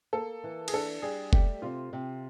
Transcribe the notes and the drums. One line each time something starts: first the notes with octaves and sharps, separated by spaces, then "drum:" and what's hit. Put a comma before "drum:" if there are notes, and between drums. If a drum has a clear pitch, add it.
A#3 A4
E3
G#4, drum: cymbal
D4 A4
G3 G#4
A3 G4, drum: kick F1
C3 F4
C3